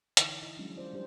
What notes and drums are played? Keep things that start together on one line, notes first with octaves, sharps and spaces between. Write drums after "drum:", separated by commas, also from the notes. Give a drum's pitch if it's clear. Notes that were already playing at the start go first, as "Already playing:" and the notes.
D3 E3 D#4 E4, drum: hi-hat
E4 D#5
F3 F#3 G#3 C#4 D4
C#4 F4 C5 D5
G3 D4 G4 C5